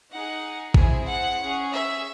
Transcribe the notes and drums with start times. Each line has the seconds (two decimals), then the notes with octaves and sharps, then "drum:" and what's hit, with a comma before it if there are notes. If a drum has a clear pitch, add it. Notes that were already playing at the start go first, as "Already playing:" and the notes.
0.11 D#4 G#4 F#5
0.74 C4 E4 G#4 G#5, drum: kick
1.08 F#5
1.38 C#4 G#4
1.71 E5